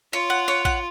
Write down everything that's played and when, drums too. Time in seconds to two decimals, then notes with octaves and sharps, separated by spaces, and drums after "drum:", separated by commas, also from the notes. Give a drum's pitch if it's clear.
0.13 F4 C#5
0.30 F#5
0.48 C#5
0.65 F#5, drum: kick